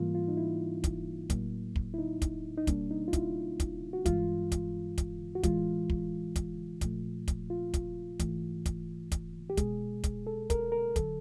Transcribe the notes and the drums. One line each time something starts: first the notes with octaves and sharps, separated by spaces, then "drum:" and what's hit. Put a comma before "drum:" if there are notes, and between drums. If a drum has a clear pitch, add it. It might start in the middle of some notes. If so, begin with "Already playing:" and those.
Already playing: G#2 E3 G3 A#3 F4
F4
D#4
E4
drum: kick, hi-hat
A2 F#3 A#3, drum: kick, hi-hat
drum: kick
E4
D#4
drum: kick, hi-hat
D#4
B2 G3 A#3 D4, drum: kick, hi-hat
D#4
F4
E4, drum: kick, hi-hat
drum: kick, hi-hat
F#4
G2 E3 G#3 F4, drum: kick, hi-hat
drum: kick, hi-hat
drum: kick, hi-hat
F#4
A2 E3 G#3 F4, drum: kick, hi-hat
drum: kick
drum: kick, hi-hat
A#2 F3 A3, drum: kick, hi-hat
drum: kick, hi-hat
F4
drum: kick, hi-hat
G#2 E3 A3, drum: kick, hi-hat
drum: kick, hi-hat
drum: kick, hi-hat
G4
B2 G#3 G#4, drum: kick, hi-hat
drum: kick, hi-hat
A4
A#4, drum: kick, hi-hat
A#4
D3 F#3 A4, drum: kick, hi-hat